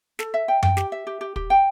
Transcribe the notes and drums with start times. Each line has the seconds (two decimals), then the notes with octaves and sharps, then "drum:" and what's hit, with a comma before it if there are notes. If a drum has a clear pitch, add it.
0.19 A4, drum: snare
0.34 E5
0.48 G5
0.63 G5, drum: tom F#2
0.77 G4, drum: snare
0.92 E5
1.07 G4
1.21 G4
1.36 G4, drum: kick
1.50 G5